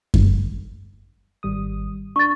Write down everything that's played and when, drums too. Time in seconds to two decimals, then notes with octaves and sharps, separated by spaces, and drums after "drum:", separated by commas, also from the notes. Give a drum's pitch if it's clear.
0.14 drum: kick F#2
1.43 G#1 G3 D#6
2.16 D4 C#6 A6